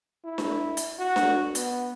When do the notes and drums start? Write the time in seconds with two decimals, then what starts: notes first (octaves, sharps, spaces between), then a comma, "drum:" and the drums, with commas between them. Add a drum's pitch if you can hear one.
0.25 E4
0.38 drum: snare D4
0.77 drum: hi-hat
0.99 F#4
1.16 drum: snare D4
1.55 B3, drum: hi-hat